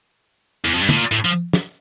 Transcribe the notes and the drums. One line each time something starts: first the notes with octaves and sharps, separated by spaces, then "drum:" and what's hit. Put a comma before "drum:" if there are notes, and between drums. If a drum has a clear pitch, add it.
E2
F2
G2
A2, drum: tom
A#2
A2
F3
drum: snare